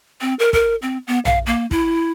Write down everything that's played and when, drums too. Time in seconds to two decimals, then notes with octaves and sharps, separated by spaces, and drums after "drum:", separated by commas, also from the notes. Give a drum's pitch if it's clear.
0.21 C4
0.39 A#4
0.53 A#4, drum: kick
0.82 C4
1.07 B3
1.25 F5, drum: tom A#1
1.46 A#3
1.71 E4, drum: kick